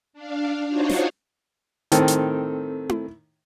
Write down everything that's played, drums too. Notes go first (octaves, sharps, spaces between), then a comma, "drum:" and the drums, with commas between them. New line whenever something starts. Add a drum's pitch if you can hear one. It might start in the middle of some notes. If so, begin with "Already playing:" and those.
D4 F5
D4 D#4 F4 F#4 C5 C#5
drum: snare
A2 D#3 C4 A4, drum: hi-hat
drum: hi-hat
drum: tom E4